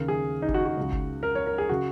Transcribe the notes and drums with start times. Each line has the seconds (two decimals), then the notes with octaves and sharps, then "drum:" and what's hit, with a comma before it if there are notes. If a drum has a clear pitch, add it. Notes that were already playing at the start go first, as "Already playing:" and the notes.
Already playing: D#2 C#3 A#4
0.08 G#4
0.42 D#4
0.49 G#4, drum: kick F#1
0.54 F#4
0.66 F#4
0.78 C#2 C#3
0.92 drum: kick F#1
1.23 A#4
1.35 C#5
1.46 A#4
1.58 G#4
1.69 C#3 F#4